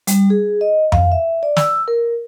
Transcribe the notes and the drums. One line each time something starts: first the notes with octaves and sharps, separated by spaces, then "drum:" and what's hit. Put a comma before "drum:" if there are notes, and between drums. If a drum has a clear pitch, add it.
G3, drum: hi-hat
G#4
D#5
F5, drum: tom F2
E5
D5
E6, drum: snare
A#4